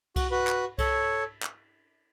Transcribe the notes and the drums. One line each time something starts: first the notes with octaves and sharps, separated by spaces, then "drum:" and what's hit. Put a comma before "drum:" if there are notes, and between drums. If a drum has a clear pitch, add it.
F#4, drum: kick C2, cymbal
F#4 B4
drum: clap
A4 C#5, drum: kick C2, cymbal
drum: clap